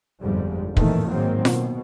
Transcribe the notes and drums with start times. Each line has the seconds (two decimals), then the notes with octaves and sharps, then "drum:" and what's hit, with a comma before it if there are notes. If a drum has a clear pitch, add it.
0.22 G1 F2 G#2 G3
0.77 A1 F2 A#2 D#3 E3 A3, drum: kick
1.11 G#2 D#3 F#3 A#3 C4
1.45 B2, drum: snare F4